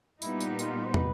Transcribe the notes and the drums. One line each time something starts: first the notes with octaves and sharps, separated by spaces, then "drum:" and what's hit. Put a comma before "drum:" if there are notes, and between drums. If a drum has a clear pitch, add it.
A#2 G3 B3 D#4 E4, drum: tambourine
drum: tambourine
F4, drum: tambourine
C5
B4, drum: tom